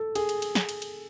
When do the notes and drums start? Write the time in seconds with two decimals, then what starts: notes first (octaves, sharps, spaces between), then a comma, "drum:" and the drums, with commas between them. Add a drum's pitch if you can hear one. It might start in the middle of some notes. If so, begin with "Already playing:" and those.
Already playing: A4
0.15 G#4, drum: cymbal
0.29 drum: cymbal
0.42 drum: cymbal
0.55 drum: snare
0.69 drum: cymbal
0.82 drum: cymbal